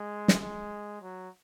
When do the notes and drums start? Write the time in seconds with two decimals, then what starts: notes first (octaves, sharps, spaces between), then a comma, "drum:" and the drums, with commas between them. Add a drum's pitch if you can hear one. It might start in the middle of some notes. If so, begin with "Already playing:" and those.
Already playing: G#3
0.28 drum: snare
0.40 G#3
1.02 F#3